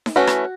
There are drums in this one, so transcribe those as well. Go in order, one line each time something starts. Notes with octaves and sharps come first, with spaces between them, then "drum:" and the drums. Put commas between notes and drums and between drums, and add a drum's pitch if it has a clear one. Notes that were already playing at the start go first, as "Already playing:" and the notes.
drum: snare
E3 A3 C#4 F#4
drum: rim click